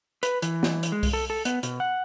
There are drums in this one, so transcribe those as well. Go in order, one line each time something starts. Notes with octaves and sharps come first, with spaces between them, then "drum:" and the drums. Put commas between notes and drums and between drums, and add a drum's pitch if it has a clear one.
B4, drum: hi-hat
E3, drum: hi-hat
drum: snare
drum: hi-hat
G#3
drum: kick C2, open hi-hat
A4
A4
B3, drum: hi-hat
B2, drum: hi-hat
F#5